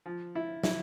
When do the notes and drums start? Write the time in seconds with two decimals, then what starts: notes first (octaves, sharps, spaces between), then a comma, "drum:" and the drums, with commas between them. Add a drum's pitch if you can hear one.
0.06 F3
0.35 E4
0.63 E4, drum: snare